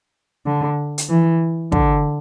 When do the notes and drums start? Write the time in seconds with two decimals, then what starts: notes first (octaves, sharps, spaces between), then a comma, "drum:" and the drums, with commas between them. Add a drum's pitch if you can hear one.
0.46 D3
0.98 drum: hi-hat
1.10 E3
1.72 D3, drum: kick